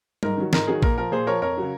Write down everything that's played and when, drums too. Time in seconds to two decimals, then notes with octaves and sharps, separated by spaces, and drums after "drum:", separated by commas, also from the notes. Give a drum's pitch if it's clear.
0.23 G#2 A#4, drum: tom G3
0.37 D#3 F#3
0.53 G#2 A#4, drum: snare
0.67 D#3 F#3 G#4
0.82 A#2 A#4, drum: kick A1
0.98 F3 A#4
1.12 A#2 G#4 C5
1.27 F3 A#4 C#5
1.42 F2 A#4 C#5
1.58 C#3 F#3